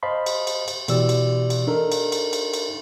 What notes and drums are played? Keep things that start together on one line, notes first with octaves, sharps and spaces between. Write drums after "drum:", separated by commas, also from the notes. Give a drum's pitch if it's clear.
C5 D#5 F5 A5 B5 C6
drum: cymbal
drum: cymbal
drum: cymbal
B2 E3 G4 D5 E6, drum: cymbal
drum: cymbal
drum: cymbal
D4 D#4 A4 A#4
drum: cymbal
drum: cymbal
drum: cymbal
drum: cymbal